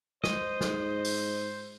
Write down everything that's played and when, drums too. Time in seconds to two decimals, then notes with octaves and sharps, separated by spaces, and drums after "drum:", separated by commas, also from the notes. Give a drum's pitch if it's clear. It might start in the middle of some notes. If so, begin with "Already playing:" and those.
0.24 C5 D#5, drum: snare
0.61 G#2, drum: snare
1.05 drum: open hi-hat